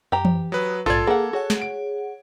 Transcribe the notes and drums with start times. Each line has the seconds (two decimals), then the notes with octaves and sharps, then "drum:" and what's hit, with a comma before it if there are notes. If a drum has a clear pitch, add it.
0.12 F#2 G4 A#5
0.25 drum: tom E3
0.52 F#3 B4 D#6
0.86 A#1 G#2 F4 A4 D5 G#6
1.07 A#3 G#4 F#5
1.33 F#4 G#4 C#5 F#5
1.50 drum: snare
1.62 D7